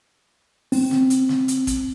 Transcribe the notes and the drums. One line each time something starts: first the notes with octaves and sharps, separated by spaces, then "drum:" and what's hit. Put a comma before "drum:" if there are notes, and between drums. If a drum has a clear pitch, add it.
C4, drum: open hi-hat
drum: snare
drum: hi-hat
drum: snare
drum: hi-hat
drum: kick, hi-hat